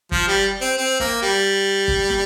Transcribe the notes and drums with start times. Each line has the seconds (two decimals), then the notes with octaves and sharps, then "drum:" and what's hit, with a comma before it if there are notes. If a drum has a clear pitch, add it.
0.12 F3, drum: kick
0.28 G3
0.61 C4
0.78 C4
1.00 A#3, drum: snare
1.22 G3
1.88 drum: kick
2.10 drum: snare